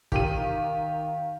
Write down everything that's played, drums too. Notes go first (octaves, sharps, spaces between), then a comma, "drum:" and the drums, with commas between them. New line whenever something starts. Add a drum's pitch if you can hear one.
D#3 G4 F5 D#7, drum: kick